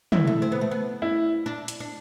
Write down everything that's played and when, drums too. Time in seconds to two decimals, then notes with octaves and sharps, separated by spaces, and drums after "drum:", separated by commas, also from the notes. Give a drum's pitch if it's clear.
0.12 E4, drum: tom
0.27 A3
0.42 C4
0.52 B3
0.61 A3
0.71 B3
1.02 E4
1.46 D4
1.68 drum: hi-hat
1.80 D4